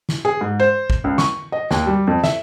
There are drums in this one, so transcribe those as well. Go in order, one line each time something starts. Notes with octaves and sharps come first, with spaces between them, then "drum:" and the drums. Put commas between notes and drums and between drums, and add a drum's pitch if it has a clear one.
drum: snare
G#4
G#2
C5
drum: kick A1
C#2
C#6, drum: snare
D#5
D#2, drum: snare
G3
F2
E5, drum: snare